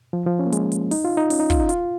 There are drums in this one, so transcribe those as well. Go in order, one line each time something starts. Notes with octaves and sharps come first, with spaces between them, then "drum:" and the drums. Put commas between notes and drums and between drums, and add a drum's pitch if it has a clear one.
F3
F3
C#4
A#3
G#3, drum: hi-hat
drum: hi-hat
D#4, drum: open hi-hat
F4
D#4
C#4, drum: open hi-hat
D#4
F4, drum: kick, hi-hat
D#4
F4, drum: hi-hat